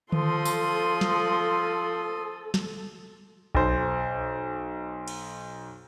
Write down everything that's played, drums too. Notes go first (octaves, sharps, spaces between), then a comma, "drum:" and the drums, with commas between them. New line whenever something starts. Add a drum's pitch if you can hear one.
F3 A4 C6 D#6, drum: tom D3
drum: tambourine
drum: snare
drum: snare
B1 C5, drum: kick B1
drum: cymbal